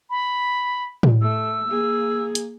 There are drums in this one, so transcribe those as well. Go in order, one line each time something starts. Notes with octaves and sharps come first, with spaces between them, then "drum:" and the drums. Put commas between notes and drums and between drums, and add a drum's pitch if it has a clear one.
B5
drum: tom A2
A3 E6
A#3 G#4
drum: hi-hat